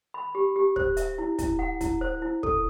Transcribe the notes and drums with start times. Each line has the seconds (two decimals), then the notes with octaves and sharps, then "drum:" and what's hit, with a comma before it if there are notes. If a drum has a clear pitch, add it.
0.14 B5
0.35 G4
0.56 G4
0.76 C5, drum: kick
0.97 E5, drum: hi-hat
1.18 E4
1.39 E4, drum: kick, hi-hat
1.59 F#5
1.81 E4, drum: kick, hi-hat
2.01 C5
2.22 E4
2.43 A4, drum: kick